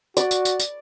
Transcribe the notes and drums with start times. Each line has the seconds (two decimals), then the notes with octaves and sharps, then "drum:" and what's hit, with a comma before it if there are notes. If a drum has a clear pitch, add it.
0.17 F#4 D5, drum: tambourine
0.31 drum: tambourine
0.45 drum: tambourine
0.60 drum: tambourine